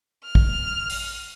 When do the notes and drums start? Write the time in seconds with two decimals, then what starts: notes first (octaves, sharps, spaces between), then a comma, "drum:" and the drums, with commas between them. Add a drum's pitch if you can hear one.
0.24 F6
0.35 drum: kick
0.90 drum: open hi-hat